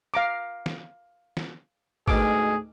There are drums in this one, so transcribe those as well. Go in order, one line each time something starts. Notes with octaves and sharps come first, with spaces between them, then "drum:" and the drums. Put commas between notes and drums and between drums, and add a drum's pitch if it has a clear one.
F5 A#5 D6
drum: snare
drum: snare
D2 G#2 B2 G#4 D6, drum: kick G#1